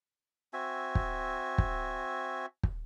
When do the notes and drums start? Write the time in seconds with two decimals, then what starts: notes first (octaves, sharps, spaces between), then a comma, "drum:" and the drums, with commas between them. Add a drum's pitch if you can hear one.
0.53 C4 F#4 E5 G#5
0.95 drum: kick
1.58 drum: kick
2.63 drum: kick